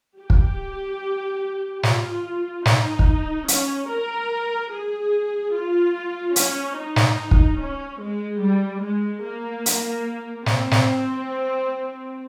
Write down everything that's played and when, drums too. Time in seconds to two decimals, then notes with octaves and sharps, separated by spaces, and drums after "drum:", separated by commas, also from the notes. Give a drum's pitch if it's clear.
0.19 G4
0.30 drum: kick
1.83 F4, drum: snare
2.65 D#4, drum: snare
2.99 drum: kick
3.48 C#4, drum: hi-hat
3.89 A#4
4.71 G#4
5.53 F4
6.36 C#4, drum: hi-hat
6.77 D#4
6.96 drum: snare
7.31 drum: kick
7.59 C#4
8.00 G#3
8.41 G3
8.82 G#3
9.23 A#3
9.66 drum: hi-hat
10.46 C4, drum: snare
10.71 drum: snare